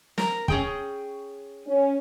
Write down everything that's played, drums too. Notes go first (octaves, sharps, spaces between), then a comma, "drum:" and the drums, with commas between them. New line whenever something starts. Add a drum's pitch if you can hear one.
A#4, drum: snare
C#4 G#4 G5, drum: kick
C#4